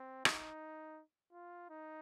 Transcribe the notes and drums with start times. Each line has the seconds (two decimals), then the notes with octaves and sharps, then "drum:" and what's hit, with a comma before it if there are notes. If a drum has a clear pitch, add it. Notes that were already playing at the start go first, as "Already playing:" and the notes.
Already playing: C4
0.25 D#4, drum: rim click
1.33 F4
1.70 D#4